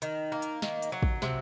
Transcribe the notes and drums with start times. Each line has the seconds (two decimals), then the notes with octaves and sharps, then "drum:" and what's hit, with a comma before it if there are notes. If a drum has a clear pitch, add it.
0.02 D#3, drum: hi-hat
0.32 A#3
0.42 drum: hi-hat
0.62 D#3, drum: snare
0.82 drum: hi-hat
0.92 F#3
1.03 drum: kick
1.22 C3, drum: snare